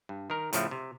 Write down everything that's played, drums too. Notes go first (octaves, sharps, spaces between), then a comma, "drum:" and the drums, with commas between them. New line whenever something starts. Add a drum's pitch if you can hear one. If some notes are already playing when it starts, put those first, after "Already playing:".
G2
D#3 A#4
A2 C#3 F3 A3, drum: hi-hat
C3